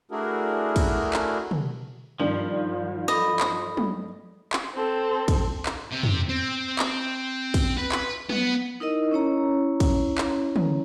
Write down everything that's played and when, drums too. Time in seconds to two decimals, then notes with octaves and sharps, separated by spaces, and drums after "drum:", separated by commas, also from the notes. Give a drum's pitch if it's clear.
0.11 A3 D4 E4 F#4 G#4 A#4
0.76 drum: kick, cymbal
1.13 drum: clap
1.51 drum: tom
2.20 G2 D#3 F3 D4
3.08 A4 D#5 B5
3.40 drum: clap
3.77 drum: tom
4.53 drum: clap
4.75 C4 A4
5.28 drum: kick, cymbal
5.66 drum: clap
5.91 C3
6.03 drum: tom
6.29 C4
6.79 drum: clap
7.54 drum: kick, cymbal
7.78 B4
7.92 drum: clap
8.30 B3, drum: tom
8.80 D#4 E4 A#4 D#5
9.11 C#4 E4 C#5 A#5
9.80 drum: kick, cymbal
10.18 drum: clap
10.56 drum: tom